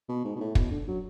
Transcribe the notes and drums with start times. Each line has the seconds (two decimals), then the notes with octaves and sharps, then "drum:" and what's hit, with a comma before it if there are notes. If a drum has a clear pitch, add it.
0.09 B2
0.24 G#2
0.36 B2
0.40 A2
0.55 B2, drum: kick
0.71 D3
0.88 F#3